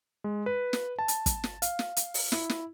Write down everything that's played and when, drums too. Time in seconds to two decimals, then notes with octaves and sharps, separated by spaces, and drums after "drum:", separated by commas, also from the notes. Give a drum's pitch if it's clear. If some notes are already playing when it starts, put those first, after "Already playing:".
0.24 G#3
0.46 B4
0.73 drum: snare
0.99 A5
1.08 drum: hi-hat
1.26 drum: kick, hi-hat
1.44 drum: snare
1.62 F5, drum: hi-hat
1.79 drum: snare
1.97 drum: hi-hat
2.14 drum: open hi-hat
2.32 E4, drum: snare
2.49 drum: snare